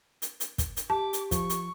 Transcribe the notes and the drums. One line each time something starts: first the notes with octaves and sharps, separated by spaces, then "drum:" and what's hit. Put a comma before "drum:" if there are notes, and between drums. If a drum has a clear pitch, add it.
drum: hi-hat
drum: hi-hat
drum: kick, hi-hat
drum: hi-hat
G4 A5 D6
drum: hi-hat
F3 C#6, drum: kick, hi-hat
drum: hi-hat